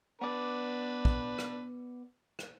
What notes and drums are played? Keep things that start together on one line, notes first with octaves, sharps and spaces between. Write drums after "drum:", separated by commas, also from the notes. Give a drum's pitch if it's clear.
B3 D4 B4 D5
drum: kick
drum: rim click
drum: rim click